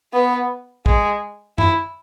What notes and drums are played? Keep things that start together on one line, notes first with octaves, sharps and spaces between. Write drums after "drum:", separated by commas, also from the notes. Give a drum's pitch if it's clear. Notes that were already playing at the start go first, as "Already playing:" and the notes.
B3
G#3, drum: kick
E4, drum: tom F#2